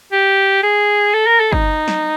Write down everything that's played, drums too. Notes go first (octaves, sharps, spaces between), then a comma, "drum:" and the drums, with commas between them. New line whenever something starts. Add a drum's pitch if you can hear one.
G4
G#4
A4
A#4
A4
D#4, drum: kick
drum: snare